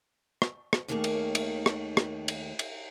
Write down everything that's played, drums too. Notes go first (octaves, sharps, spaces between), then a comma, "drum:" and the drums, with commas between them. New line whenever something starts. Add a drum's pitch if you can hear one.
drum: rim click
drum: rim click
D#2 D#3 A3 A#3 G#4 C#5
drum: cymbal
drum: cymbal
drum: rim click
drum: rim click
drum: cymbal
drum: cymbal